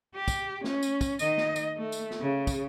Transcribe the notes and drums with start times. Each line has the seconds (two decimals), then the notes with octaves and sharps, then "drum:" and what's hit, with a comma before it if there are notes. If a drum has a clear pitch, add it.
0.15 G4
0.28 drum: kick, tambourine
0.64 C#4, drum: snare
0.83 drum: tambourine
1.01 drum: kick, tambourine
1.19 D#3 D#5, drum: tambourine
1.37 drum: snare
1.56 drum: tambourine
1.77 A3
1.92 drum: tambourine
2.11 drum: snare
2.21 C#3
2.47 drum: kick, tambourine